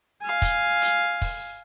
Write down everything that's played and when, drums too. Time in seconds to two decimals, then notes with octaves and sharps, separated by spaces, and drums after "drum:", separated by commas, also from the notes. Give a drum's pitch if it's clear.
0.22 F5 G#5
0.42 drum: kick, hi-hat
0.82 drum: hi-hat
1.22 drum: kick, open hi-hat